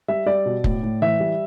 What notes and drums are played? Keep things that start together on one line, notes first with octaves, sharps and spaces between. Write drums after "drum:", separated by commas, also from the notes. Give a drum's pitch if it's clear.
G3 E5
G3 D5
B2
A2, drum: kick
A2
E3 E5
G3